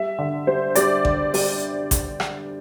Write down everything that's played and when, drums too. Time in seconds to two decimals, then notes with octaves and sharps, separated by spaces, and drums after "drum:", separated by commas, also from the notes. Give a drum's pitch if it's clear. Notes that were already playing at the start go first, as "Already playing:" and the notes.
Already playing: G3 E5
0.19 D3
0.47 G3 C5
0.75 G3 D5, drum: hi-hat
1.05 D3, drum: kick A1
1.34 G3, drum: open hi-hat
1.91 drum: kick A1, hi-hat
2.20 drum: rim click